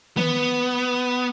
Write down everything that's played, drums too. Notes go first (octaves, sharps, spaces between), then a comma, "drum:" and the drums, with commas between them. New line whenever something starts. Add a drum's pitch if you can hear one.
B3, drum: tom D#3